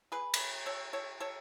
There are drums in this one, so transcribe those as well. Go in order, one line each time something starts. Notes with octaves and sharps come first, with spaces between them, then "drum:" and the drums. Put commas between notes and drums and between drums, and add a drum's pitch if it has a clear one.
G#4 B4
drum: cymbal
A4 C#5
A4 C#5
A4 C#5